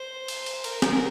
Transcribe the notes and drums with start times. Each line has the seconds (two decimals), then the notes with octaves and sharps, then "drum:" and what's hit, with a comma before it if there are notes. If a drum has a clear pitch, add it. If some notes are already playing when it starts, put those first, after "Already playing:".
Already playing: C5
0.28 drum: cymbal
0.46 drum: cymbal
0.64 A#4, drum: cymbal
0.82 drum: snare